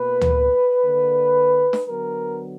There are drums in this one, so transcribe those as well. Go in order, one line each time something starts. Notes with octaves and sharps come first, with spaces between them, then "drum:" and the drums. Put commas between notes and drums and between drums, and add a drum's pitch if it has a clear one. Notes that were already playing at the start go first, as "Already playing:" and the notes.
Already playing: B2 A#3 B4
drum: tom D2
D3 A#3
drum: snare
D3 F#3 B3 A#4